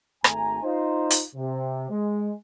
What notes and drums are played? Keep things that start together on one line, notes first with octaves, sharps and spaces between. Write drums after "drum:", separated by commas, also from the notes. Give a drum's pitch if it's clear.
G#1 A3 G#5 A#5, drum: rim click
D#4 F4 C5
drum: hi-hat
C3
G#3